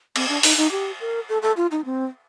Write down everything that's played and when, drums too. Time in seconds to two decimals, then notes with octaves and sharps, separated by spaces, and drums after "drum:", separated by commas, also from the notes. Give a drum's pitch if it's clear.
0.16 C4, drum: cymbal
0.29 D4
0.43 D#4, drum: open hi-hat
0.57 D#4
0.71 G4
1.00 A#4
1.29 A4
1.42 A4
1.57 F4
1.71 D#4
1.85 C4